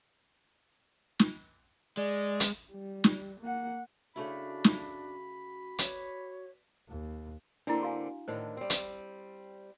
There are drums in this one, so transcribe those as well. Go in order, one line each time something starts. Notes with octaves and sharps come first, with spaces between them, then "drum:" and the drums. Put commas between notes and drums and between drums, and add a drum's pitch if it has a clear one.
drum: snare
G#3 D5
drum: hi-hat
G3
drum: snare
A#3 F#5
C#3 A3 D4 E4 F#4 B5
drum: snare
B4 C#5 D5, drum: hi-hat
D#2
D3 A#3 C4 D4 E4
F#4 F5 G#5
A2 D3 D#3 C5
G3 C4
drum: hi-hat